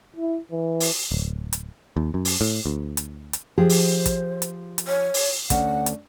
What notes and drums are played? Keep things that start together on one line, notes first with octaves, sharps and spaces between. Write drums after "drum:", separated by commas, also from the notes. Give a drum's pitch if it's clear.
E4
E3
drum: open hi-hat
D1
drum: hi-hat
D#2
F#2
drum: open hi-hat
A2
D2
drum: hi-hat
drum: hi-hat
F3 G4 G#4 C5
drum: open hi-hat
drum: kick, hi-hat
drum: hi-hat
drum: hi-hat
C#5
drum: open hi-hat
D2 C#4 F#5, drum: kick, hi-hat
drum: hi-hat